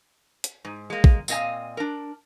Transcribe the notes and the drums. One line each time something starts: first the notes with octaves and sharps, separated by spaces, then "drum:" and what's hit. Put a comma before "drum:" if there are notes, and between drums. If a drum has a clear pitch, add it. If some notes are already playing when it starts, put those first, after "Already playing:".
drum: hi-hat
G#2
G#3 A#3
drum: kick
A#2 C4 D#5 F5 G#5, drum: tambourine
D4 A#4